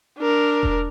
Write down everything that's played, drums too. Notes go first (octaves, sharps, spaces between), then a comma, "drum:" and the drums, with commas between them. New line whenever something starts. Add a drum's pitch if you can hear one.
D4 A#4
drum: kick E1